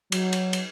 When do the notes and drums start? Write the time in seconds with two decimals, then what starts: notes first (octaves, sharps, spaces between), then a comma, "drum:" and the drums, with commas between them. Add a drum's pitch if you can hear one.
0.12 F#3, drum: cymbal
0.33 drum: cymbal
0.53 drum: cymbal